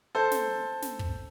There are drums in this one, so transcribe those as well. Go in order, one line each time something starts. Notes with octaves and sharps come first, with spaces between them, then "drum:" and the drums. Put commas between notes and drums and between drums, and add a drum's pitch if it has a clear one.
A4 C5
drum: snare
drum: snare
drum: kick